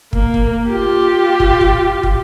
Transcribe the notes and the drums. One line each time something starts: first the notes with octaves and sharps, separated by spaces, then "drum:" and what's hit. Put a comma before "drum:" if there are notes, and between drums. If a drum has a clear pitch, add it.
A#3, drum: kick
drum: kick
F4 G4
drum: kick
drum: kick
drum: kick